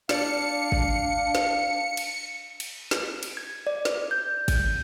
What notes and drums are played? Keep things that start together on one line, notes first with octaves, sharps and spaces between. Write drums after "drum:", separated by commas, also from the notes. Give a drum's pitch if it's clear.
D4 D5 F5 C#7, drum: snare
drum: kick
drum: snare
drum: cymbal
drum: cymbal
drum: snare
drum: cymbal
G#6
D5
drum: snare
G6
drum: kick, cymbal